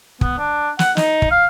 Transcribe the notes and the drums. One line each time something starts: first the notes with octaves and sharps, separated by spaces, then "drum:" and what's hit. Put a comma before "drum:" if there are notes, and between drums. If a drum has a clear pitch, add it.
B3, drum: kick
D4
F#5, drum: snare
D#4, drum: snare
drum: kick
F5